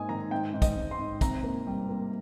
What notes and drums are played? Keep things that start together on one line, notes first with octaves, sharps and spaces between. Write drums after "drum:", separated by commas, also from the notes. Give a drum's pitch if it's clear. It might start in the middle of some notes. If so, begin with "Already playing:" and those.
Already playing: G#2 A#3 G#5 D#6
D#3 A#5
G#2 G5
G#2
D#5, drum: kick, hi-hat
G#2
C6
G#2
C3 A#5, drum: kick, hi-hat
A#3
G3
A#3